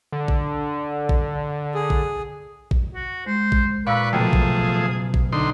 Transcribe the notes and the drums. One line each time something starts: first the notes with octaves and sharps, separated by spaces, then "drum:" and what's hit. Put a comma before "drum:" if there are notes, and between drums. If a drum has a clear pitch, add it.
D3
drum: kick A1
drum: kick A1
G#4
drum: kick A1
drum: kick A1
F#4
G#3 C5
drum: kick A1
A#2 B4 D5 F5 B5 C#6 E6 F#6
F#1 B2 F3 A3 G#4 G5
drum: kick A1
drum: kick A1
D3 D#4 C6